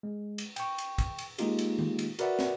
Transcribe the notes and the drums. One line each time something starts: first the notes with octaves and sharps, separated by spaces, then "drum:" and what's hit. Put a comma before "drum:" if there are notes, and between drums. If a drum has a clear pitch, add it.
G#3
drum: cymbal
G5 C#6, drum: cymbal
drum: cymbal
drum: kick, cymbal
drum: cymbal
G#3 A#3 D#4 F4 G4, drum: cymbal
drum: cymbal
drum: tom D#3
drum: cymbal
F#4 A#4 B4 D5 E5 F#5, drum: cymbal
drum: snare